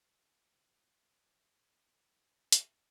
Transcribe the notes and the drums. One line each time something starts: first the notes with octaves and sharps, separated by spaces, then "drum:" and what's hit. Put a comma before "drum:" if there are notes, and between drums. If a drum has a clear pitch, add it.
C5 F#5
drum: hi-hat